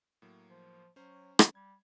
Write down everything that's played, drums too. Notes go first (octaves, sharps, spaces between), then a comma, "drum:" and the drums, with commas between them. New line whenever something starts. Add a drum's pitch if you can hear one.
A2 F#3 A#3
F3
F#3 C#4 C5
drum: rim click
G3 G#6